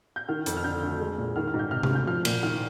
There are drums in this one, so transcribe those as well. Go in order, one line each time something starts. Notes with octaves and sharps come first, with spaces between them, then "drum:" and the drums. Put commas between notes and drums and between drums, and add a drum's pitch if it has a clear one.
G6
D#3 F6
F2, drum: hi-hat
F6
D3 G6
D2
G#3
A#2
D#3 F6
F6
G#2
G6
C3 F6
F6, drum: tom C3
D2
G6
F3 F6
A#2, drum: cymbal
D#3 F6